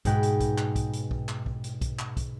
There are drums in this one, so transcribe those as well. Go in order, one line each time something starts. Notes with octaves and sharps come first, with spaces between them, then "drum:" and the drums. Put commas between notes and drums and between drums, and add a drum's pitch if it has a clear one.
G#2 B2 G#3 B4 G5, drum: kick B1, hi-hat
drum: hi-hat
drum: kick B1, hi-hat
drum: clap
drum: kick B1, hi-hat
drum: hi-hat
drum: kick B1
drum: clap
drum: kick B1
drum: hi-hat
drum: kick B1, hi-hat
drum: clap
drum: kick B1, hi-hat